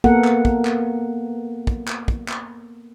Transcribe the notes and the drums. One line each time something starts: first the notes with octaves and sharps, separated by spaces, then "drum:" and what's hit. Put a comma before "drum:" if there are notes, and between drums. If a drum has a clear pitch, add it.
A#3 B3 A4 A#4 F#5, drum: kick
drum: clap
drum: kick
drum: clap
drum: kick
drum: clap
drum: kick
drum: clap